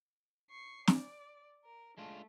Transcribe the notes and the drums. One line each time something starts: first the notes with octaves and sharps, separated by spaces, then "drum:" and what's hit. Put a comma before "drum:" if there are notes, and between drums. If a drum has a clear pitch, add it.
C#6 C7
D5, drum: snare
A#4
G#3 A3 D4 F4